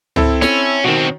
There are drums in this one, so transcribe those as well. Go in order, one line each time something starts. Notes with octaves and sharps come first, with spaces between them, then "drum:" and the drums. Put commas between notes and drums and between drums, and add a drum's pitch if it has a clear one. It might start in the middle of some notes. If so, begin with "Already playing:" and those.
C4 E4 A4, drum: tom C#2
C#4, drum: snare
B2 D#3 C4 F#4